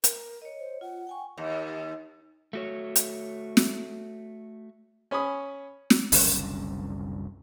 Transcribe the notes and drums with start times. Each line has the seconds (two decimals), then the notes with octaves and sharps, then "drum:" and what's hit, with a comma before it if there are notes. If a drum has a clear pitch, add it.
0.04 A#4, drum: hi-hat
0.42 C#5 D#5
0.59 C5
0.81 F4 F#5
1.07 G5 G#5 C#6
1.38 D#2
2.53 A3 F#4 C#5
2.96 drum: hi-hat
3.57 drum: snare
5.11 C#4 C#5 B5 D#6
5.90 drum: snare
6.12 F#1 C2 D3 C#4, drum: open hi-hat